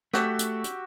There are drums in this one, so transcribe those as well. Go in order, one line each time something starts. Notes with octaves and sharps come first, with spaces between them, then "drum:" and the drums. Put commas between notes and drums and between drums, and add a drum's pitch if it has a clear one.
A3 F#4 G4 E6, drum: rim click
drum: hi-hat
drum: hi-hat